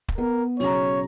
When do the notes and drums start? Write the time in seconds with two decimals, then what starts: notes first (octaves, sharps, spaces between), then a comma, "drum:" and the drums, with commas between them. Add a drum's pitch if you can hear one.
0.08 drum: kick
0.18 B3 A#4
0.60 B1 C#3 C#5 A#5, drum: open hi-hat